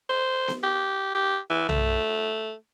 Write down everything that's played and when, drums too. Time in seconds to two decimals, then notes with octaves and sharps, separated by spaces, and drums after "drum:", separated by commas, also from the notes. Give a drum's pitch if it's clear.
0.10 C5
0.48 drum: snare B3
0.63 G4
1.15 G4
1.50 E3
1.69 A3, drum: tom B1